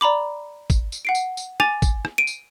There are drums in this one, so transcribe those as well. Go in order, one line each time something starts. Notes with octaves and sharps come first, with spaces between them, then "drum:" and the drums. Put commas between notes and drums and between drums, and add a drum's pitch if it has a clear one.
D5 A#5 B5 D6
drum: kick, tambourine
drum: tambourine
F#5 C7 D7
drum: tambourine
drum: tambourine
G#5 D6 A6 D#7 F7, drum: rim click
drum: kick, tambourine
drum: rim click
D7 D#7
drum: tambourine